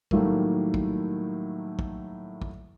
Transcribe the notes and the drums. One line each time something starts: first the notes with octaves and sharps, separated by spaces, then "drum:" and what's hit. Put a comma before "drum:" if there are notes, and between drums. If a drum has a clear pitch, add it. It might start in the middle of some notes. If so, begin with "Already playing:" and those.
A2 D#3 F#3 G3 A3 A#3, drum: kick
drum: kick
drum: kick
drum: kick